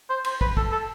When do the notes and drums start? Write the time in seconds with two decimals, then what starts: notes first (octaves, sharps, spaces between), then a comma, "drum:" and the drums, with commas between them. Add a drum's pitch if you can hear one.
0.09 C5
0.25 C5, drum: cymbal
0.41 B4, drum: kick
0.57 A4, drum: kick
0.72 A4